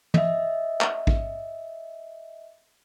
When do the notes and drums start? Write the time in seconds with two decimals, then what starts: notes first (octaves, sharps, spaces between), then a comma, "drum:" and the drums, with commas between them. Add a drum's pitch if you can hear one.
0.14 D#5 E5, drum: tom
0.81 drum: clap
1.07 drum: kick A1